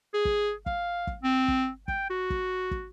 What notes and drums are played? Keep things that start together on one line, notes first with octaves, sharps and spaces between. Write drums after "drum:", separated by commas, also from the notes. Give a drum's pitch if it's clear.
G#4
drum: kick
F5, drum: kick
drum: kick
C4
drum: kick
G5, drum: kick
F#4
drum: kick
drum: kick